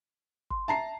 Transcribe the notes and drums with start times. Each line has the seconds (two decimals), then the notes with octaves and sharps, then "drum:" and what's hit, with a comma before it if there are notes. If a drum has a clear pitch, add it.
0.50 C6, drum: kick G1
0.68 E5 A5 A#5 C7